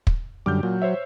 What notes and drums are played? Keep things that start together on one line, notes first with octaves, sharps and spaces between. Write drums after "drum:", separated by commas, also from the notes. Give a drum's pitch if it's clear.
drum: kick
F#2 D3 G3 D6 F6 G6
A#2 F#3
C5 C#5 E5